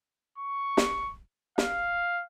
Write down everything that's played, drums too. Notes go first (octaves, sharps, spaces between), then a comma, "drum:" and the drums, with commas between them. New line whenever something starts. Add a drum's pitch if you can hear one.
C#6
drum: snare
F5, drum: snare